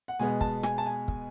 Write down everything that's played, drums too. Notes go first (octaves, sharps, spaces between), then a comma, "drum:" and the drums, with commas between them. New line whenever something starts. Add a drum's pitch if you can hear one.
F#5
B2 G#3 B3 G#5
A5, drum: kick
G#5, drum: rim click
A5
G#5
drum: kick